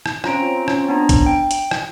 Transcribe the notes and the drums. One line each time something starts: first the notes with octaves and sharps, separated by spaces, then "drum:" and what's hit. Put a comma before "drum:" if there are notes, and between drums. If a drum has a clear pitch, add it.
drum: rim click
C4 C#4 F4 A#5 D7, drum: rim click
drum: rim click
B3 D4 A#5
drum: kick, hi-hat
G5
drum: hi-hat
drum: rim click